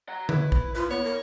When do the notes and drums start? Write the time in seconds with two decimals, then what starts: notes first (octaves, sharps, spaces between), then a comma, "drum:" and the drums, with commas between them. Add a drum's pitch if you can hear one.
0.09 F#5 A#5
0.29 E4 B4, drum: tom D3
0.52 drum: kick A#1
0.75 F4 B4
0.90 B3 C#5
1.04 A#4